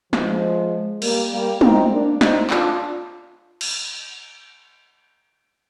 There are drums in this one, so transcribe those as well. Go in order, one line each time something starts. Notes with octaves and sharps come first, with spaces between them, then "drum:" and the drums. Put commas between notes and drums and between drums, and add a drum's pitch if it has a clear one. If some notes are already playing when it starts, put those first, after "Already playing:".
F3 G#3, drum: snare
G3 A#3, drum: cymbal
G3 A#3
C4 D#4, drum: tom
A#3 D4
C4 D#4, drum: snare
D4 F4, drum: clap
drum: cymbal